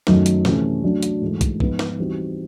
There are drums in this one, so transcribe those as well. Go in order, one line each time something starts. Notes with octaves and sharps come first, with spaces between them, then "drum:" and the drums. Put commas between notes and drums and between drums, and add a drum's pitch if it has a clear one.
F#2 D#3 F#3 A3, drum: snare
drum: hi-hat
C3 E3 A3 C#4, drum: snare
F#3 A3 D4 F#4
drum: hi-hat
G#2 E3 A3
drum: kick, hi-hat
G#2 F3 G#3 B3 D#4, drum: kick
drum: snare
E3 G3 C4 D#4 F#4